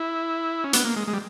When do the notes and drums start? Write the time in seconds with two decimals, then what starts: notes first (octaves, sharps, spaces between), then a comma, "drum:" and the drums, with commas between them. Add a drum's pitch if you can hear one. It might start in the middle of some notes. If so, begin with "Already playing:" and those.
Already playing: E4
0.64 C#4
0.73 B3, drum: hi-hat
0.85 A#3
0.96 G#3
1.07 G#3
1.13 G3